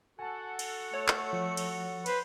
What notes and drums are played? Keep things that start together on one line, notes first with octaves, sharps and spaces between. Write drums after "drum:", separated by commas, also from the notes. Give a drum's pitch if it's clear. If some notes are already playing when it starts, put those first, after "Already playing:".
F#4 A4 F#5 G#5 A5
drum: cymbal
A3 C#5
drum: clap
F3
drum: cymbal
B4 C5, drum: cymbal